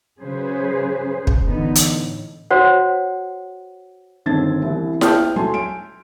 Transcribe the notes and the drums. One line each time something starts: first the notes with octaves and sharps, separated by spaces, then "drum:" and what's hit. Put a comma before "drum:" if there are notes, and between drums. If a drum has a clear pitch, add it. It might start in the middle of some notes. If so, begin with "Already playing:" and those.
C#3 F#3 G#4 B4 C5
drum: kick
F#2 D3 E3 B3 D#4
A2, drum: hi-hat
F#4 C5 C#5 F#5
G1 D#3 C4 A5 G#6 A6
C2 E3
G5 A5 F6 G6, drum: snare E4
F#3 A3 G#5 A5 C6
D7